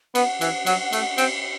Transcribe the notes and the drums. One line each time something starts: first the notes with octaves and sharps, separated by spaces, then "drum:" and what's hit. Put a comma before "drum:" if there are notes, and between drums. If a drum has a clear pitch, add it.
B3 F#5, drum: cymbal
E3, drum: cymbal
F#3, drum: cymbal
A3, drum: cymbal
C4, drum: cymbal